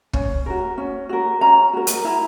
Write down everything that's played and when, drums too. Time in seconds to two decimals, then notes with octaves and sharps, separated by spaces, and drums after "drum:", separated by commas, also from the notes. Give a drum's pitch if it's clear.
0.13 C#4, drum: kick
0.46 F#4 A#4
0.78 C#4
1.09 F#4 A#4
1.41 C#4 A#5
1.73 F#4 A#4
1.87 drum: hi-hat
2.05 E4 A#5